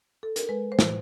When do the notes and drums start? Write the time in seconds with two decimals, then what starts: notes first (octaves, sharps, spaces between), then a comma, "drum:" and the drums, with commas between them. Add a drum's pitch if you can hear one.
0.23 A4
0.36 A#4, drum: hi-hat
0.49 G#3 B4
0.72 C5
0.79 A2, drum: snare